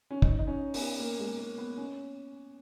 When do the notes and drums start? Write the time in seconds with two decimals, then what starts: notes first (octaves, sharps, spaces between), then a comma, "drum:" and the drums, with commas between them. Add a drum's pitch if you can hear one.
0.11 C#4
0.22 D#4, drum: kick
0.39 D#4
0.47 C#4
0.74 B3, drum: open hi-hat
1.00 A#3
1.19 G#3
1.39 A#3
1.58 B3
1.78 C#4